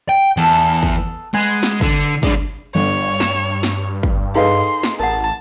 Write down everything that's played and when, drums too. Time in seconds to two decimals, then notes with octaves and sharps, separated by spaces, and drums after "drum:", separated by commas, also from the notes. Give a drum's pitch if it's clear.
0.09 G5
0.37 E2 B3 A4
0.83 drum: kick
1.34 G#3 B4 F#5 G#5
1.63 drum: snare
1.81 D3, drum: kick
2.23 G#3 D4 D5, drum: kick
2.75 G1 G2 C#5
3.20 E7, drum: snare
3.63 drum: snare
4.03 drum: kick
4.35 D#4 G#4 A4 B4 F5 C6
4.83 drum: snare
5.00 A1 A#4 F#5 A5